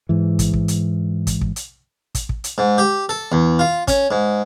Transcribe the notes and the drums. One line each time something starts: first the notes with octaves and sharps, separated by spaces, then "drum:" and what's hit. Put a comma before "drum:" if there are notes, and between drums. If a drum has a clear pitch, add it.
G#2 E3
drum: kick, hi-hat
drum: kick
drum: hi-hat
drum: kick, hi-hat
drum: kick
drum: hi-hat
drum: kick, hi-hat
drum: kick
drum: hi-hat
G#2
G4
A4
E2
F4
C#4, drum: kick, hi-hat
G#2